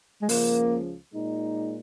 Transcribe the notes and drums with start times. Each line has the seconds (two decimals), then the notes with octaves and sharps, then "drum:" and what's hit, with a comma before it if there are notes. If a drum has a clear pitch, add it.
0.22 G#3
0.29 C#2 C#3 F3 A#3, drum: open hi-hat
1.12 A#2 G#3 D#4